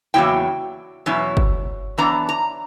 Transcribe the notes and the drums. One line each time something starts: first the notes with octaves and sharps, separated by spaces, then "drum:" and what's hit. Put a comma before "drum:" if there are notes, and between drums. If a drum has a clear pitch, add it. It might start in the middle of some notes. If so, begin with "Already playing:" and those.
E2 C#3 F#3 A#3 E4 G5
E2 B2 F#3 C#4 E4
drum: kick
F#2 E3 B3 D4 A#5
A#5